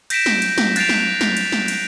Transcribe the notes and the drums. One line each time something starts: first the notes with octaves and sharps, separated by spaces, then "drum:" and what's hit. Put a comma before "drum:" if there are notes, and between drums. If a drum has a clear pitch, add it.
G6 A#6 B6 D7 E7, drum: cymbal
drum: snare
drum: cymbal
drum: snare
F#6 A6 B6 C7 D7 F7, drum: cymbal
drum: snare
drum: snare
drum: cymbal
drum: snare
drum: cymbal